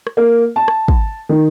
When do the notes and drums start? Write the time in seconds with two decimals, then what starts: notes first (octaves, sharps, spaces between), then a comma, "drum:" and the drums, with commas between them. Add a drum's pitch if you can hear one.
0.07 drum: rim click
0.17 A#3
0.56 A5
0.68 drum: rim click
0.88 drum: kick
1.29 D#3